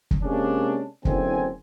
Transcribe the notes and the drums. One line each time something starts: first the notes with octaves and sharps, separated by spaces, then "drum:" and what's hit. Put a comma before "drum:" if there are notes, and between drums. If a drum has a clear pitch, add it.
drum: kick
C3 G#3 A#3 C#4 D4
F#1 D3 E3 C4 G#5, drum: kick